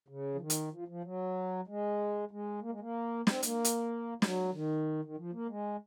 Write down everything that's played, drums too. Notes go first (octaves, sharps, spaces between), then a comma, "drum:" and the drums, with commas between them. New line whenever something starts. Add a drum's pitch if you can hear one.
C#3
F3
D#3
drum: hi-hat
F3
F3
F#3
G#3
G#3
A#3
G#3
A#3
C4, drum: snare
A#3, drum: hi-hat
drum: hi-hat
F#3, drum: snare
D#3
D#3
F3
A#3
G#3